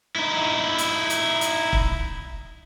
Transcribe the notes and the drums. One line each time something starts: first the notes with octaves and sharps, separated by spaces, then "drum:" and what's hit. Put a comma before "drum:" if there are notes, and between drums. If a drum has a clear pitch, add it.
D#4 E4
drum: hi-hat
drum: hi-hat
drum: hi-hat
drum: kick